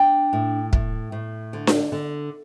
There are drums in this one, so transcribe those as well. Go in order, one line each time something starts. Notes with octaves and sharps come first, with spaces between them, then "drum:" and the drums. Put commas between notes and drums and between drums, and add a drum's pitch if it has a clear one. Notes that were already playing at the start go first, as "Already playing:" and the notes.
Already playing: D4 G5
A2
A2, drum: kick
A2
D3
drum: snare D4
D3